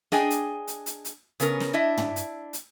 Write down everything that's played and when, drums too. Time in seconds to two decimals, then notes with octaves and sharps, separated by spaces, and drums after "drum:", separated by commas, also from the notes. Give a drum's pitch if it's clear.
0.12 D4 G#4 D#5 G5 G#5, drum: snare
0.30 drum: hi-hat
0.67 drum: hi-hat
0.86 drum: hi-hat
1.05 drum: hi-hat
1.40 C#3 B3 C#4 A#4, drum: hi-hat
1.60 drum: snare
1.73 D4 E4 D#5 E5
1.97 drum: tom
2.16 drum: hi-hat
2.53 drum: hi-hat